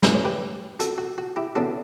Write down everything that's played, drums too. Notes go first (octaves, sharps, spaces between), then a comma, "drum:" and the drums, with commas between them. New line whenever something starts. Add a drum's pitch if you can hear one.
A2 F#3 C#4 E4 B4, drum: snare
C#5
G4 B4
F#4 A4, drum: hi-hat
F#4
F#4
E4 G4
C#3 E3 B3 D4 F#4 A4